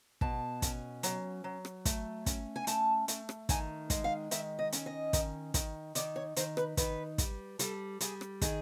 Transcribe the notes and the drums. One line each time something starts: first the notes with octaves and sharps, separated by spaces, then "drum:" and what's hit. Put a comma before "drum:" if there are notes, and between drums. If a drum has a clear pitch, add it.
B2 A5, drum: kick
C#4, drum: kick, hi-hat
F#3, drum: hi-hat
F#3
drum: rim click
A3, drum: kick, hi-hat
C#4, drum: kick, hi-hat
G#5
A3 A5, drum: hi-hat
A3, drum: hi-hat
drum: rim click
D#3 G#5, drum: kick, hi-hat
G#3, drum: kick, hi-hat
F5
D#3 E5, drum: hi-hat
D#5
C#4, drum: hi-hat
D#5
D#3, drum: kick, hi-hat
D#3, drum: kick, hi-hat
D#3 D5, drum: hi-hat
C#5
D#3 C5, drum: hi-hat
B4, drum: rim click
D#3 B4, drum: kick, hi-hat
G3, drum: kick, hi-hat
G3 A4, drum: hi-hat
G3 G#4, drum: hi-hat
drum: rim click
D#3 G#4, drum: kick, hi-hat